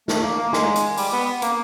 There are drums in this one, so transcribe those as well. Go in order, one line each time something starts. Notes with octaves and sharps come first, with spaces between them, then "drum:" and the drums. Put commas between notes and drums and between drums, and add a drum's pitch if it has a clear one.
A3, drum: snare
A#3
A#3
G#3, drum: snare
drum: hi-hat
G3, drum: open hi-hat
B3
A#3, drum: hi-hat